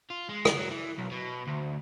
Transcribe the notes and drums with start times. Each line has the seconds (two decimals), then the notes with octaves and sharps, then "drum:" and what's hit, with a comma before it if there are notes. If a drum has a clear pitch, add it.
0.10 F4
0.29 G#3
0.45 drum: rim click
0.57 F#3
0.71 E3
0.98 B1
1.11 B2
1.47 D2